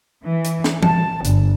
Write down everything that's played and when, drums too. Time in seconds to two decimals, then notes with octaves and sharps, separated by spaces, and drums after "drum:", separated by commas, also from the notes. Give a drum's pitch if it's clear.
0.25 E3
0.44 drum: hi-hat
0.64 drum: snare
0.83 A5, drum: tom
1.24 G1, drum: hi-hat